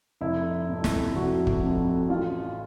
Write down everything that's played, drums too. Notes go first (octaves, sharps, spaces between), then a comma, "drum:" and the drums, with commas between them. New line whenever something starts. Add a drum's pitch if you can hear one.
F1 E4
F2 C3
drum: snare
F1 F#4
drum: kick
F2 C3
A1 F4